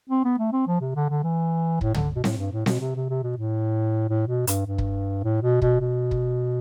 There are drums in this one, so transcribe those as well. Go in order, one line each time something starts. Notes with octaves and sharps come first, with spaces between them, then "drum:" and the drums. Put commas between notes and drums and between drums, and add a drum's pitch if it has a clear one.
C4
B3
A3
C4
F3
C3
D3
D3
E3
A2, drum: kick
D3, drum: tom
B2
A2, drum: snare C4
G2
A2
B2, drum: snare C4
C3
C3
C3
B2
A2
A2
B2
G2, drum: hi-hat
G2
drum: kick
A2
B2
B2, drum: kick
B2
drum: kick